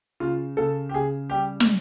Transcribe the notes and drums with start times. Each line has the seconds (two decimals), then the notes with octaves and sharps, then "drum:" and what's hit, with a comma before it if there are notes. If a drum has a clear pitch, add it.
0.20 C#3 F4
0.57 C#3 A4
0.89 G4
0.94 C#3 G#4
1.30 G3 G4
1.60 drum: snare